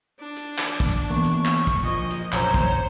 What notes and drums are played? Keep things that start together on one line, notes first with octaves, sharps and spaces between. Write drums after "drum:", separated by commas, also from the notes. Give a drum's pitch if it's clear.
D4
drum: hi-hat
drum: clap
drum: kick, hi-hat
E3 A#3 B3 C#6
drum: hi-hat
drum: clap
drum: kick, hi-hat
A#2 F3 D#5
drum: hi-hat
A#1 F#2 C5 C#5 A#5, drum: clap
drum: kick, hi-hat